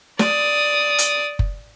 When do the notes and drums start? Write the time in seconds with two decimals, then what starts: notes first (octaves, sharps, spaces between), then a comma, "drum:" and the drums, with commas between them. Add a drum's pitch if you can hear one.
0.19 D5 D#6, drum: snare
0.98 drum: hi-hat
1.39 drum: kick F#1